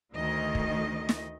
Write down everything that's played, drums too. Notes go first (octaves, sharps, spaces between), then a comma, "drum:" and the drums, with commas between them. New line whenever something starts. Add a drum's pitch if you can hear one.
D2 D#3 A3 D#5
drum: kick
drum: snare